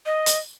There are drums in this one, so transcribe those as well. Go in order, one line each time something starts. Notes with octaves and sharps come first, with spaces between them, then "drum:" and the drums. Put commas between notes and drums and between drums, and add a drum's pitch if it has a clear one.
D#5
drum: hi-hat